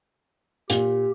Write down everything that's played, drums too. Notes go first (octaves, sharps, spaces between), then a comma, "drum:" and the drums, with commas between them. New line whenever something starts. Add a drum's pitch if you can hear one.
A#2 G4, drum: hi-hat